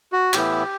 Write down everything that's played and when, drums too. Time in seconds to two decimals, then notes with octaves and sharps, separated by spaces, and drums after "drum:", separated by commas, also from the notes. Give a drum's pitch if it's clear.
0.12 F#4
0.33 A2 E3 B3 E4 G4, drum: clap